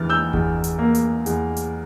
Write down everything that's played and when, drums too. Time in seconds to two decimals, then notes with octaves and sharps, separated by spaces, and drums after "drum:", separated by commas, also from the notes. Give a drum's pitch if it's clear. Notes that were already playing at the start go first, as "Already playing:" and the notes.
Already playing: E2 E3 F6 A6
0.10 E6 G6
0.33 E2, drum: kick G1
0.64 drum: hi-hat
0.78 A#3
0.95 drum: hi-hat
1.26 E2, drum: hi-hat
1.57 drum: hi-hat